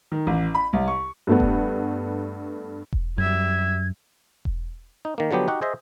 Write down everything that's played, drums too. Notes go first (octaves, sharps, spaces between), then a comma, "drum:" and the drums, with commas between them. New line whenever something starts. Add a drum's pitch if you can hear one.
D#3
A1
B5
C2
C#6
G2 A3 B3
drum: kick E1
drum: kick E1
F#2 G3 E5 G#6
drum: kick E1
D#4
D#3 A#3
D3 F3 F#3 B3 G4
D#4 F#4 G4 F#5
G#4 C5 D#5 E5